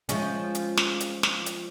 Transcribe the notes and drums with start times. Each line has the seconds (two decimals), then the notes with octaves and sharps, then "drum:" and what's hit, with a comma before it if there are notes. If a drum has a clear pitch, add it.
0.09 F3 G#3 C#4, drum: hi-hat
0.55 drum: hi-hat
0.78 drum: snare
1.00 drum: hi-hat
1.23 drum: snare
1.46 drum: hi-hat